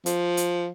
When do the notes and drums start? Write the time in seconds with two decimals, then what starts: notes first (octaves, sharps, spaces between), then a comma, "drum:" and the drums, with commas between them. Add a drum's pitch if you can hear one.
0.06 F3, drum: hi-hat
0.37 drum: hi-hat